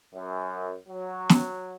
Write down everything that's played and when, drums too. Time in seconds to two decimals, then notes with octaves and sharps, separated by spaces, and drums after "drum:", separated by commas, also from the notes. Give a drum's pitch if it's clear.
0.13 F#2
0.88 F#3
1.29 drum: snare